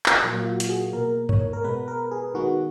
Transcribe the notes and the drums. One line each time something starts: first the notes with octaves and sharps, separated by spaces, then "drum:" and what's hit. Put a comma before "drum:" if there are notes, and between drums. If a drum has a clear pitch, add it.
drum: clap
A#2 F#3 A#3
F4
F#4
F#4, drum: hi-hat
G#4
B2 A#3 A#4
C#5, drum: tom G2
A#4
B2 G#3 B3 B4
A#4
G#4
D#3 G#3 B3 F#4